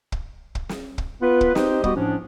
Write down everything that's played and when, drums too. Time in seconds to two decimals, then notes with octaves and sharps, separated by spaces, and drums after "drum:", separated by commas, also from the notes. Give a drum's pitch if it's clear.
0.12 drum: kick
0.55 drum: kick
0.69 drum: snare
0.98 drum: kick
1.22 B3 F4 B4
1.41 drum: kick
1.55 C4 D#4 G4 C5 D#5, drum: snare
1.84 G3 B3 F#4 G4 D#5, drum: kick
1.96 A2 F3 C#4 D4